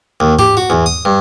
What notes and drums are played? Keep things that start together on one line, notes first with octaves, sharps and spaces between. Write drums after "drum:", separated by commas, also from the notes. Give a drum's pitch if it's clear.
D#2
G4, drum: tom G#2
F#4
E2
D#6
G2